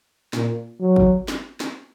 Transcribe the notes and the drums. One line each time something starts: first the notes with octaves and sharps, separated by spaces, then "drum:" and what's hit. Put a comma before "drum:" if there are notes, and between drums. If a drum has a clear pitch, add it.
A#2, drum: snare
F#3
drum: kick
drum: snare
drum: snare